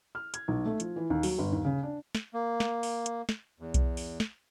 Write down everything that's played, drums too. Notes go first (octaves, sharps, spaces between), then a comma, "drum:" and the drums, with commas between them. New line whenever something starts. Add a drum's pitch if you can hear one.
F6
G#6, drum: hi-hat
B1
A3
F3, drum: hi-hat
E3
D#2
F#3, drum: open hi-hat
G1
D#2
C#3
D4
drum: snare
A#3
drum: snare
drum: open hi-hat
drum: hi-hat
drum: snare
E2
drum: kick B1, hi-hat
drum: open hi-hat
drum: snare